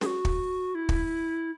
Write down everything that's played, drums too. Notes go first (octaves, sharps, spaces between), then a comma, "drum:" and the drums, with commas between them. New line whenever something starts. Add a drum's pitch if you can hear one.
G#4, drum: snare
F#4
drum: kick
E4
drum: kick